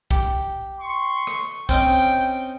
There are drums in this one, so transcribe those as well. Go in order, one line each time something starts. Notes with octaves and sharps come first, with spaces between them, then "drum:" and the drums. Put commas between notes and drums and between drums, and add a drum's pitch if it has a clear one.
G4, drum: kick
C6 C#6
drum: rim click
C4 C#4 D#4 G5, drum: kick